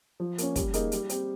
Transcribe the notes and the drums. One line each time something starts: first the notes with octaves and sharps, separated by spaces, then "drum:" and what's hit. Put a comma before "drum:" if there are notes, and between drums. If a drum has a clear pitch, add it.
F3
A#3 C#4, drum: hi-hat
G3, drum: kick, hi-hat
A#3 D#4 G#4, drum: hi-hat
G3, drum: hi-hat
C4 G4, drum: hi-hat